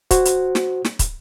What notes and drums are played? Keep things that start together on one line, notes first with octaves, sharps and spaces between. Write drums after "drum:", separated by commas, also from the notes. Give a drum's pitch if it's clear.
F#4 C5 F#5, drum: kick, hi-hat
drum: hi-hat
drum: snare
drum: snare
drum: kick, hi-hat